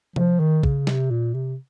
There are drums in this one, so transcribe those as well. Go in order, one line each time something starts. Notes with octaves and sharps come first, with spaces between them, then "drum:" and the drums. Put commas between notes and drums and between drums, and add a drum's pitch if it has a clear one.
F3, drum: tom C3
D#3
C#3, drum: kick
C3, drum: snare
A#2
C3